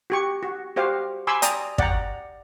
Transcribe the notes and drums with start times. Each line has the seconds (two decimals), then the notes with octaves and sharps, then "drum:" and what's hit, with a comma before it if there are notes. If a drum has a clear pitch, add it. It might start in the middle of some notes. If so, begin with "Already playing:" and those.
0.10 F#4 G4 C#6
0.43 F#4
0.76 F#4 G4 C5 F5
1.27 G#5 B5 C6 D6 E6
1.42 D5 G5 A#5 D#6, drum: hi-hat
1.78 D5 F#5 G5 A#5, drum: kick